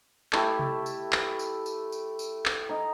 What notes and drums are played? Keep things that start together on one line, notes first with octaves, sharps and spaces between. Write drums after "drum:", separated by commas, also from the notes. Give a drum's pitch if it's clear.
A3 E4 G4, drum: clap
drum: tom C3
drum: tambourine
drum: clap
drum: tambourine
drum: tambourine
drum: tambourine
drum: tambourine
drum: clap
D#4 A#5